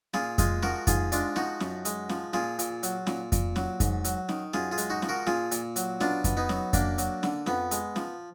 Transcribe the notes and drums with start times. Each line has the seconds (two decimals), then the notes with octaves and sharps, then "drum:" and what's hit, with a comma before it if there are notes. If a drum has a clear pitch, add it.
0.14 A#2 F4 G#4, drum: snare C#4
0.38 G#3 F4 G#4, drum: kick F2, hi-hat
0.62 F3 F#4 A#4, drum: snare C#4
0.87 G#2 F4 G#4, drum: kick F2, hi-hat
1.12 G#3 D4 F4, drum: hi-hat
1.36 F3 D#4 F#4, drum: snare C#4
1.60 F#2, drum: snare C#4
1.85 G#3, drum: hi-hat
2.09 F3, drum: snare C#4
2.33 A#2 F4 G#4, drum: snare C#4
2.59 A#2, drum: hi-hat
2.83 F#3, drum: hi-hat
3.07 A#2, drum: snare C#4
3.32 A#2, drum: kick F2, hi-hat
3.56 F#3, drum: snare C#4
3.80 G#2, drum: kick F2, hi-hat
4.05 F#3, drum: hi-hat
4.29 D#3, drum: snare C#4
4.53 F#2 F4 G#4, drum: snare C#4
4.71 F4 G#4
4.78 G#3, drum: hi-hat
4.90 D#4 F#4
5.02 F3, drum: snare C#4
5.09 F#4 A#4
5.27 A#2 F4 G#4, drum: snare C#4
5.51 A#2, drum: hi-hat
5.76 F#3, drum: hi-hat
6.01 B2 D4 F4, drum: snare C#4
6.24 B2, drum: kick F2, hi-hat
6.37 B3 D#4
6.49 F#3, drum: snare C#4
6.73 F#2 A#3 D4, drum: kick F2, hi-hat
6.98 F#3, drum: hi-hat
7.23 D3, drum: snare C#4
7.46 F2 B3, drum: snare C#4
7.71 G#3, drum: hi-hat
7.96 F3, drum: snare C#4